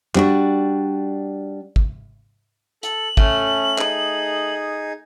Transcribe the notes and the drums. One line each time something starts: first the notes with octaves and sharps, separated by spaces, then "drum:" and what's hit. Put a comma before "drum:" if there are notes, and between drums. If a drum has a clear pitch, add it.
G3 D4 F#4, drum: clap
drum: kick
A4 F#7, drum: hi-hat
A3 C#4, drum: kick
D#4 G#4, drum: clap